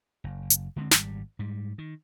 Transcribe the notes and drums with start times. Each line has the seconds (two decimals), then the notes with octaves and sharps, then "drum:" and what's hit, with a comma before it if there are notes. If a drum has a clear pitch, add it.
0.24 F#1
0.50 drum: hi-hat
0.76 D3 G#3 B3 C4
0.91 G#1 G3, drum: snare
1.39 G#2 G3
1.78 D#3